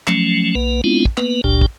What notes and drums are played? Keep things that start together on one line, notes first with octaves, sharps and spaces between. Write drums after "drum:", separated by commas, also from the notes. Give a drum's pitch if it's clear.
F3 F#3 A3 C#4, drum: clap
B1 A#3 B4
G#3 B3 C4 D4 E4 F4
drum: kick
A#3 B3 B4, drum: clap
G1 C#2 A#2 D4 G4 G5
drum: kick